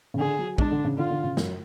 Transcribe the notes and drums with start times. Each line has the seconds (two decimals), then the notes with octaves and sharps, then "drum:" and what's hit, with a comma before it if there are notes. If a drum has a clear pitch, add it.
0.14 C#3
0.19 D3 G#4
0.39 F#3
0.58 G#3 D4, drum: kick
0.71 D3
0.85 C#3
0.98 D3 F4
1.11 D3
1.24 C#3
1.37 F#2, drum: snare